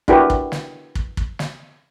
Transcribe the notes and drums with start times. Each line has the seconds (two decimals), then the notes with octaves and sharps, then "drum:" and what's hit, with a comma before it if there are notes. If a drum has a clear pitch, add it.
0.08 D4 E4 F#4 G4 A#4 B4, drum: kick
0.30 drum: kick
0.52 drum: snare
0.95 drum: kick
1.17 drum: kick
1.39 drum: snare